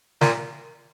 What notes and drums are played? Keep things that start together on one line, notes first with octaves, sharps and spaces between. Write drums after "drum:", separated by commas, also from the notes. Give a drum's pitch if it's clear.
A#2, drum: snare